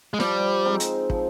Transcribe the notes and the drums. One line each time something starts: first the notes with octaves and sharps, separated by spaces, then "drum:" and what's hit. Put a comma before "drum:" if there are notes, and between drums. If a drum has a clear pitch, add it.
G#3
F3 G3, drum: snare
G#3 C4 D#4
drum: hi-hat
F3, drum: kick